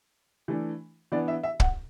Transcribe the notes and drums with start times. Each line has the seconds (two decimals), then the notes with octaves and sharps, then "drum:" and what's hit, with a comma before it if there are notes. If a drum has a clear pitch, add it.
0.48 E3 A3 D4
1.12 E3 B3 D4 D5
1.28 E5
1.43 E5
1.60 F#5, drum: kick